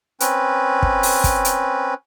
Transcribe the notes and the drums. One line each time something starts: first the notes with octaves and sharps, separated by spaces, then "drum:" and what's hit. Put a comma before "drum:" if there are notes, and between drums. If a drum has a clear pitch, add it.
C4 C#4 B4, drum: hi-hat
drum: kick
drum: open hi-hat
drum: kick, hi-hat
drum: hi-hat